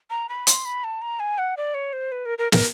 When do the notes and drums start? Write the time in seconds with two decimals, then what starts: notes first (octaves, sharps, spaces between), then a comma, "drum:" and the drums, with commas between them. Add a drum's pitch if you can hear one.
0.10 A#5
0.29 B5
0.47 C6, drum: hi-hat
0.65 B5
0.84 A5
1.02 A#5
1.20 G#5
1.38 F#5
1.57 D5
1.74 C#5
1.93 C5
2.12 B4
2.26 A#4
2.38 A#4
2.52 A#4, drum: snare